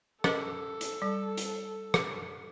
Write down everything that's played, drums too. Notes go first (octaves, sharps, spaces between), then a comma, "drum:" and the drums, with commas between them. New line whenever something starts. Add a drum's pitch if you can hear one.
C#4 A4 A#4 D#5, drum: rim click
drum: hi-hat
G3
drum: hi-hat
drum: rim click